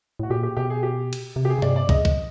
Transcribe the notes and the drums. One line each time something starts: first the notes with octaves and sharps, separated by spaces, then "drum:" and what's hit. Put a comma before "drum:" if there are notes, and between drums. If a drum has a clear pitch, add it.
A2 F#4
A#2 G4
G4
B2 G4
G#4
G4
drum: cymbal
C3
G4
G#4
C#3
C3 D5, drum: tom G2
D5
C#3 D#5, drum: kick
drum: kick